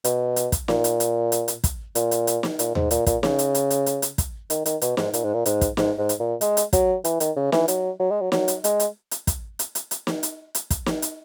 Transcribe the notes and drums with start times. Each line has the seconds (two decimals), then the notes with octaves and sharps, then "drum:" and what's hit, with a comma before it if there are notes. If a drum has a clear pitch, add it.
0.04 B2, drum: hi-hat
0.36 drum: hi-hat
0.52 drum: kick, hi-hat
0.68 A#2, drum: snare
0.84 drum: hi-hat
1.00 drum: hi-hat
1.32 drum: hi-hat
1.48 drum: hi-hat
1.64 drum: kick, hi-hat
1.95 A#2, drum: hi-hat
2.11 drum: hi-hat
2.27 drum: hi-hat
2.43 drum: snare
2.59 A#2, drum: hi-hat
2.75 G#2, drum: tom D#2
2.91 A#2, drum: hi-hat
3.06 A#2, drum: kick, hi-hat
3.23 C#3, drum: snare
3.39 drum: hi-hat
3.55 drum: hi-hat
3.70 drum: hi-hat
3.86 drum: hi-hat
4.02 drum: hi-hat
4.18 drum: kick, hi-hat
4.50 D#3, drum: hi-hat
4.66 D#3, drum: hi-hat
4.81 B2, drum: hi-hat
4.97 G#2, drum: snare
5.13 A#2, drum: hi-hat
5.24 G#2
5.34 A#2
5.46 G#2, drum: hi-hat
5.61 drum: kick, hi-hat
5.77 G#2, drum: snare
5.98 G#2
6.09 drum: hi-hat
6.20 A#2
6.41 G#3, drum: hi-hat
6.57 drum: hi-hat
6.73 F#3, drum: kick, hi-hat
7.04 E3, drum: hi-hat
7.20 D#3, drum: hi-hat
7.36 C#3
7.52 E3, drum: snare
7.68 F#3, drum: hi-hat
7.99 F#3
8.11 G#3
8.21 F#3
8.32 F#3, drum: snare
8.48 drum: hi-hat
8.64 G#3, drum: hi-hat
8.80 drum: hi-hat
9.11 drum: hi-hat
9.27 drum: kick, hi-hat
9.59 drum: hi-hat
9.75 drum: hi-hat
9.91 drum: hi-hat
10.07 drum: snare
10.23 drum: hi-hat
10.55 drum: hi-hat
10.70 drum: kick, hi-hat
10.86 drum: snare
11.02 drum: hi-hat